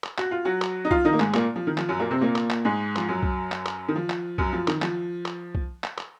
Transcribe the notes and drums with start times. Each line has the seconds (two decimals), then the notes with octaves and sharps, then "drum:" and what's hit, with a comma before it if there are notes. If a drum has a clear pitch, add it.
0.04 drum: clap
0.18 F#4, drum: clap
0.31 F4
0.45 F#3 F#4
0.62 drum: clap
0.85 D#4
0.91 F3 F4, drum: kick
1.05 D#3 D#4
1.13 A#3
1.20 G#2 G#3, drum: clap
1.34 A#2 A#3, drum: clap
1.56 F3
1.67 D#3
1.77 F3, drum: clap
1.89 F#2 F#3
1.99 A#2 A#3
2.11 C3 C4
2.21 A#2 A#3
2.36 drum: clap
2.50 drum: clap
2.65 G#2 G#3
2.96 F3, drum: clap
3.09 F#2 F#3
3.23 drum: kick
3.52 drum: clap
3.66 drum: clap
3.88 D#3
3.96 F3
4.10 drum: clap
4.38 F#2 F#3, drum: kick
4.53 F3
4.68 D#3, drum: clap
4.82 F3, drum: clap
5.26 drum: clap
5.55 drum: kick
5.84 drum: clap
5.98 drum: clap